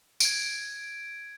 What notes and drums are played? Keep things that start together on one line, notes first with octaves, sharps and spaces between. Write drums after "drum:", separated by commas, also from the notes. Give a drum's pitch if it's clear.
G#6 D7, drum: tambourine